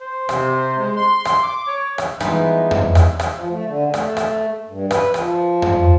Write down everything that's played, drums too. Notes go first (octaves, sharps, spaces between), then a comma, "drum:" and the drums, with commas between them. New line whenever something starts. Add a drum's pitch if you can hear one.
C5
C3, drum: rim click
G#3
C6
drum: rim click
D6
C#5
drum: rim click
E3 F3 G3 G#3 B3 D#4, drum: rim click
drum: tom F2
drum: rim click
drum: rim click
F3
A3
D3
A3, drum: rim click
drum: rim click
G2
B4, drum: rim click
F3, drum: rim click
drum: tom F2